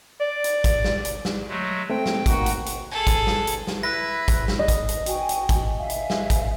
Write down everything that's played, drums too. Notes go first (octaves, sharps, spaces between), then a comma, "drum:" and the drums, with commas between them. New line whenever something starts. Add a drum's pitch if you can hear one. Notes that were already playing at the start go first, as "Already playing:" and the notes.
D5
drum: hi-hat
drum: kick, hi-hat
drum: snare
drum: hi-hat
drum: snare
F#3 G#3 A3
A3 C4 G5
drum: snare
A#3 D#4 F#4, drum: kick, hi-hat
drum: hi-hat
drum: hi-hat
G#4 A4
drum: kick, hi-hat
drum: snare
drum: hi-hat
drum: snare
E4 B4 E5 B5 A#6
drum: kick, hi-hat
drum: snare
D#5
drum: kick, hi-hat
drum: hi-hat
F#4 G5 G#5, drum: hi-hat
drum: hi-hat
drum: kick, hi-hat
E5 F5 G#5
drum: hi-hat
drum: snare
drum: kick, hi-hat